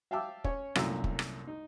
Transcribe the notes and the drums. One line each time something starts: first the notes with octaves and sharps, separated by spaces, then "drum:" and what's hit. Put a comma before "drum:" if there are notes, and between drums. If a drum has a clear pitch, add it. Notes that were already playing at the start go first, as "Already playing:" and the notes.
E5 F5 G5 A5 D6 E6
C#4 C#5, drum: kick
C2 F#2 A#2 A3 E6, drum: rim click
drum: kick
drum: rim click
D#4